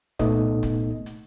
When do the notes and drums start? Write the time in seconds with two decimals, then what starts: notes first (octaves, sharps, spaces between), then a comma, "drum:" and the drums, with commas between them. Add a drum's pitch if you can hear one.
0.19 C2 A#2 A3 B3 D#4 D#5, drum: kick, hi-hat
0.63 drum: kick, hi-hat
1.06 drum: hi-hat